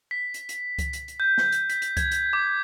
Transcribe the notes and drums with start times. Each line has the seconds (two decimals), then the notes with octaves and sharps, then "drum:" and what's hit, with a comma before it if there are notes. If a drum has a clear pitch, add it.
0.11 B6
0.34 drum: hi-hat
0.49 drum: hi-hat
0.79 drum: kick C#2, hi-hat
0.93 drum: hi-hat
1.08 drum: hi-hat
1.20 G6
1.38 drum: snare
1.52 drum: hi-hat
1.70 B6, drum: hi-hat
1.82 drum: hi-hat
1.97 G#6, drum: kick C#2, hi-hat
2.11 drum: hi-hat
2.33 D6